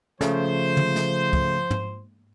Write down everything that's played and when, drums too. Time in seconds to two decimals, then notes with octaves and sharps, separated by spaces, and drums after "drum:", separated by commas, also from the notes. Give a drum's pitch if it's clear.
0.21 C#3 F3 A3 C5, drum: snare
0.77 drum: tom
0.96 drum: snare
1.33 drum: kick
1.71 drum: tom